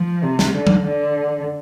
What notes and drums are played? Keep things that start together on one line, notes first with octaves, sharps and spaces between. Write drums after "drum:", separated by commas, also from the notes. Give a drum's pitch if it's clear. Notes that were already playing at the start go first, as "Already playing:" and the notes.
Already playing: F3
C3
drum: snare
D3
drum: tom F#3
D3